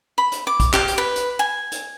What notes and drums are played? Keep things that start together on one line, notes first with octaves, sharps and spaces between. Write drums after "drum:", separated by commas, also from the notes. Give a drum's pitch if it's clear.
B5
drum: hi-hat
D6
drum: kick, hi-hat
G4, drum: clap
drum: hi-hat
B4
drum: hi-hat
G#5
drum: hi-hat